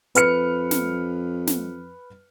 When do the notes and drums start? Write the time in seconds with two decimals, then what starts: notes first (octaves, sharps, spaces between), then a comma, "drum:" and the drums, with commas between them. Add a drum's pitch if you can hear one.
0.15 F2 B4 F6 C#7, drum: hi-hat
0.71 drum: snare
1.47 drum: snare